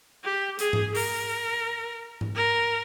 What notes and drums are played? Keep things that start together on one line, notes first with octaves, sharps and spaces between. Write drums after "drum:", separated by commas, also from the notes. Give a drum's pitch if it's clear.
G4
G#4, drum: hi-hat
drum: tom G#2
A#4, drum: open hi-hat
drum: tom G#2
A#4